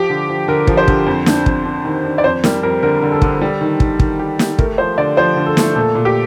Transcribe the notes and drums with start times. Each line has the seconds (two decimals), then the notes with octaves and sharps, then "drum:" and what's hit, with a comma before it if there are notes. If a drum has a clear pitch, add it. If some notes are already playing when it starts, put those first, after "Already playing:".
Already playing: F3 G4
0.10 D3
0.29 F3
0.48 D3 A#4
0.67 F3, drum: kick
0.77 C5
0.88 D3, drum: kick
1.06 F2
1.26 D4, drum: snare
1.46 F2, drum: kick
1.65 D4
1.85 D#3
2.05 D4
2.18 D5
2.24 F2 C5
2.44 G3 A#4, drum: snare
2.63 F2 A#4
2.83 D3 A#4
3.02 D3
3.12 A4
3.22 D3, drum: kick
3.42 G3
3.61 D#3
3.80 D#3, drum: kick
4.00 D#3, drum: kick
4.19 G4
4.39 G4, drum: snare
4.59 A3 A#4, drum: kick
4.78 F3 C5
4.98 D3 D5
5.17 F3 C5
5.36 D3
5.46 A4
5.57 A3, drum: snare
5.75 A#2 A4
5.95 A#2
6.05 G4